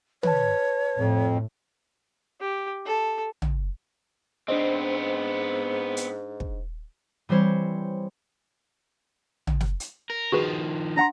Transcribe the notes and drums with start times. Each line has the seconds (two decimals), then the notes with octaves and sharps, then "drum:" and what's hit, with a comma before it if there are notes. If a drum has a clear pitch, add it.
0.23 B4 C#5 A5, drum: tom
0.97 F2 A2
2.41 G4
2.86 A4
3.42 drum: tom
4.48 G#2 B3 C4 D4 C5 D#5
5.97 drum: hi-hat
6.40 drum: kick
7.29 E3 G3 C4 C5 C#5
9.47 drum: tom
9.60 drum: snare
9.80 drum: hi-hat
10.10 A#4
10.32 D#3 F3 F#4 G#4 B4
10.97 D4 F#5 A#5 C6